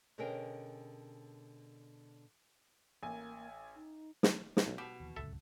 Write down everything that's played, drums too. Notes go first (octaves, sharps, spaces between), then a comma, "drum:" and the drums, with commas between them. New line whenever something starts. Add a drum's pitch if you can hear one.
B2 D3 C#4 G#4 A#4 G5
A1 A#3 G#5
D#4
drum: snare
drum: snare
B1
B2 G4
D#2 E3
D1 C#2 F#2 A4 E5